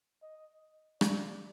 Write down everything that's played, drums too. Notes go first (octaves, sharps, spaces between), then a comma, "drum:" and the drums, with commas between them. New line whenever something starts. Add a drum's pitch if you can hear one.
D#5
D5, drum: rim click